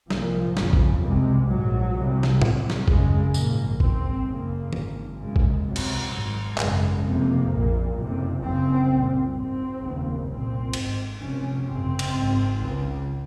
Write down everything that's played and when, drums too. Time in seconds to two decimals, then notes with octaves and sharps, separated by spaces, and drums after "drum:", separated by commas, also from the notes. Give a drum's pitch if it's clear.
0.10 C2 A#2 F3, drum: snare
0.57 F#1 F2 C#3, drum: snare
0.73 drum: kick G#1
1.03 C2 C3 G#3
1.49 A#1 G#2 F#3
1.95 C2 C3
2.23 drum: snare
2.42 C2 C3, drum: tom A2
2.70 drum: snare
2.88 G#1 F#2 C#3 G#3, drum: kick G#1
3.34 A#1 G#2 A#3, drum: tambourine
3.80 G#1 G#2 C4, drum: kick G#1
4.26 F#1 F#2 C#3 A#3
4.73 G#1 G#2, drum: tom D#3
5.19 F#1 F#2 C#3 G#3
5.36 drum: kick G#1
5.65 C#2 C3 F#3
5.76 drum: cymbal
6.11 G#1 G#2
6.58 G#1 F#2 C#3 G#3, drum: clap
7.04 F1 F2 C3 A#3
7.50 A#1 A#2
7.97 F#1 F2 C3
8.42 F#1 F#2 C#3 C4
8.89 C2 A#2
9.35 G#1 G#2 C4
9.81 F1 D#2 C#3
10.27 C2 A#2 C4
10.73 G#1 G#2, drum: cymbal
11.20 F1 F2 C3 C#4
11.66 G#1 F#2 C#3 C4
11.99 drum: cymbal
12.12 G#1 G#2
12.58 C#2 C#3